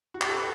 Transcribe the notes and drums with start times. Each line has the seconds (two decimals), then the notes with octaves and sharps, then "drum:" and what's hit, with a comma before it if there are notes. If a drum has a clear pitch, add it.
0.14 F#4
0.21 G4, drum: clap
0.29 A4
0.38 B4